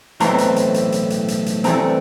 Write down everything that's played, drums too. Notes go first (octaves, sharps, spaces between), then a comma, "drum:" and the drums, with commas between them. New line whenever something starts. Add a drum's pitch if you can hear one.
B1 A2 E3 A3 C4 A#5, drum: hi-hat
drum: hi-hat
drum: hi-hat
drum: hi-hat
drum: hi-hat
drum: hi-hat
drum: hi-hat
drum: hi-hat
G2 E3 A3 C4 A#5, drum: hi-hat